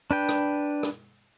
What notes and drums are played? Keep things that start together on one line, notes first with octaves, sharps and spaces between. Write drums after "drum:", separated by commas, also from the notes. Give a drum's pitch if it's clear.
D4 B4 G5
drum: rim click
drum: rim click